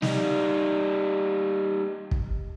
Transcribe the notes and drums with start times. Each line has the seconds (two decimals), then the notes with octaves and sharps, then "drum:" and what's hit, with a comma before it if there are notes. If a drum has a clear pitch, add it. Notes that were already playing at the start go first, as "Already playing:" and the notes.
0.02 G3 D#4, drum: snare
2.11 drum: kick